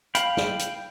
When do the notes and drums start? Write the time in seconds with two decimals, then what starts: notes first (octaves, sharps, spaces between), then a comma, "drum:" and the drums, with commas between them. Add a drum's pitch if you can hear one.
0.15 F5 G5 B5, drum: hi-hat
0.37 drum: snare
0.59 drum: hi-hat